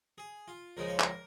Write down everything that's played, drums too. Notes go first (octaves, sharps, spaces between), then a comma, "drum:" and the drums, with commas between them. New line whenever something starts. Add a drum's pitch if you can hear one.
G#4
F4
C#2 C#3 F3 G#3 D#4 A#4
C#5
A#4, drum: clap